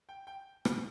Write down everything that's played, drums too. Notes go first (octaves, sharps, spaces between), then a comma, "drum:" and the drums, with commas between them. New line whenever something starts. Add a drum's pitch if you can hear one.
G5
G5
drum: rim click